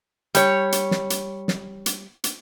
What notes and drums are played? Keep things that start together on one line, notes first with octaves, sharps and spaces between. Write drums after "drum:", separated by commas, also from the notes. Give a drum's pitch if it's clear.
G3 C#5, drum: hi-hat
drum: hi-hat
drum: snare
drum: hi-hat
drum: snare
drum: hi-hat
drum: hi-hat